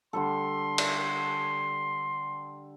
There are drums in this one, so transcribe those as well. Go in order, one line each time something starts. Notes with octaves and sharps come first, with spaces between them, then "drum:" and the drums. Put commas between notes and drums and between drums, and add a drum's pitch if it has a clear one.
D3 G3 A4 C6
drum: cymbal